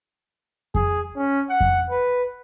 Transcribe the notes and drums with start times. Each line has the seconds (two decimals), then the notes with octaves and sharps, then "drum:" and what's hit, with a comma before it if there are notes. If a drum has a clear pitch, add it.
0.75 G#4, drum: kick F2
1.16 C#4
1.50 F#5
1.61 drum: kick F2
1.90 B4